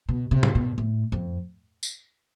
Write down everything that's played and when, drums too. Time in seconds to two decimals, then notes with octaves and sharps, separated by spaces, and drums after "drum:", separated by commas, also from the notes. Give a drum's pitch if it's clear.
0.09 B2
0.31 C3
0.43 drum: tom G#2
0.55 B2
0.78 A2
1.12 F2
1.83 drum: tambourine